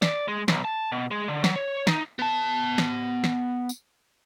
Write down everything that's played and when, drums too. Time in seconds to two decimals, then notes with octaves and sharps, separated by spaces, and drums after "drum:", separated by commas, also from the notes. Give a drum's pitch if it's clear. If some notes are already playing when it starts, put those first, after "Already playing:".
0.02 D5, drum: snare
0.28 G#3
0.48 B1, drum: snare
0.65 A5
0.92 B2
1.11 G#3
1.28 D3
1.44 F#3, drum: snare
1.56 C#5
1.87 D#4, drum: snare
2.19 B3 A5
2.78 drum: snare
3.24 drum: snare
3.69 drum: tambourine